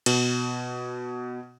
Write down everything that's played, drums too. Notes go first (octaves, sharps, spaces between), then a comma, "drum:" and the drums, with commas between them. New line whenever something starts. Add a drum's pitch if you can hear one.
B2, drum: cymbal